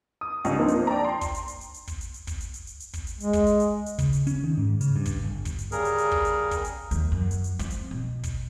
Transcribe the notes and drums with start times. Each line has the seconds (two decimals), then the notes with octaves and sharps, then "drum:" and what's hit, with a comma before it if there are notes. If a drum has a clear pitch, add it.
0.21 D#6
0.45 C#2 G2 D#5, drum: hi-hat
0.59 F3 A#3 C4 D4 D#4
0.68 drum: hi-hat
0.87 D5 G5 A5 A#5
1.05 C6
1.21 drum: kick, hi-hat
1.34 drum: hi-hat
1.48 drum: hi-hat
1.61 drum: hi-hat
1.74 drum: hi-hat
1.87 drum: kick, hi-hat
2.01 drum: hi-hat
2.14 drum: hi-hat
2.27 drum: kick, hi-hat
2.40 drum: hi-hat
2.54 drum: hi-hat
2.67 drum: hi-hat
2.80 drum: hi-hat
2.93 drum: kick, hi-hat
3.07 drum: hi-hat
3.20 G#3, drum: hi-hat
3.33 drum: kick, hi-hat
3.46 drum: hi-hat
3.60 drum: hi-hat
3.86 drum: hi-hat
3.98 C#3, drum: kick, hi-hat
4.13 drum: hi-hat
4.27 C#4, drum: hi-hat
4.44 D#3
4.58 G#2
4.81 C#3, drum: hi-hat
4.96 G2
5.05 drum: kick, hi-hat
5.24 G1
5.45 drum: kick, hi-hat
5.58 drum: hi-hat
5.72 C#3 G3 G#4 A#4, drum: hi-hat
5.85 drum: hi-hat
5.98 drum: hi-hat
6.11 drum: kick
6.25 drum: hi-hat
6.51 drum: kick, hi-hat
6.64 drum: hi-hat
6.91 D#2, drum: hi-hat
7.12 F#2
7.31 drum: hi-hat
7.44 drum: hi-hat
7.59 C4, drum: kick, hi-hat
7.70 drum: hi-hat
7.91 B2
8.23 drum: kick, hi-hat